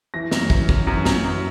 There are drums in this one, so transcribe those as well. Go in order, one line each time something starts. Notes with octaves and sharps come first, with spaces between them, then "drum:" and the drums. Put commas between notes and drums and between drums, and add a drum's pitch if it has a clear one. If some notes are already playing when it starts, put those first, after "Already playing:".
E3 A#6
F#2, drum: snare
E3, drum: kick
F#2, drum: kick
F#2
F#2, drum: snare
F#2